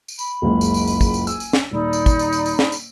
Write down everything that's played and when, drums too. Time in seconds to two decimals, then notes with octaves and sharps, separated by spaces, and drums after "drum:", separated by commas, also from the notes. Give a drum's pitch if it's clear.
0.08 drum: tambourine
0.19 B5, drum: tambourine
0.42 F#1 C#2
0.61 drum: tambourine
0.74 drum: tambourine
0.87 drum: tambourine
1.01 drum: kick, tambourine
1.14 drum: tambourine
1.27 G#5 E6, drum: tambourine
1.40 drum: tambourine
1.53 drum: snare
1.71 D#1 D#4 D5 B5
1.93 drum: tambourine
2.06 drum: kick, tambourine
2.19 drum: tambourine
2.33 drum: tambourine
2.46 drum: tambourine
2.59 drum: snare
2.72 drum: tambourine